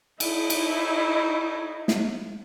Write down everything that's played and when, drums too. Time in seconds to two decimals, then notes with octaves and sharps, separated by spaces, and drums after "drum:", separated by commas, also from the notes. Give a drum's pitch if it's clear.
0.20 D#4 E4, drum: cymbal
0.50 drum: cymbal
1.88 drum: snare